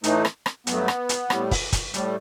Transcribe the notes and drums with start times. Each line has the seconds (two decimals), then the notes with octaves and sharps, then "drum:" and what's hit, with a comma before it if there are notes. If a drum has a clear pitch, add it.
0.04 A2 E3 A3 D#4, drum: hi-hat
0.25 drum: rim click
0.46 drum: rim click
0.67 G2 F#3 A3 B3, drum: hi-hat
0.88 drum: rim click
1.09 drum: hi-hat
1.30 A2 G3, drum: rim click
1.51 drum: kick, open hi-hat
1.73 drum: kick, hi-hat
1.94 A2 G3, drum: hi-hat